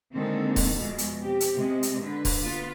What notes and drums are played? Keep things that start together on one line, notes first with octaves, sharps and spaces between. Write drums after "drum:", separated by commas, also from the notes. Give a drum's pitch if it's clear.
D3 D#3 G#3 A#3 C4 A4
drum: kick C#1, open hi-hat
E2 B2 F3 G#3 B3
drum: hi-hat
C4 G4
drum: hi-hat
C3 G#3 D#5
drum: hi-hat
D3 B4
drum: kick C#1, open hi-hat
B3 F4 B4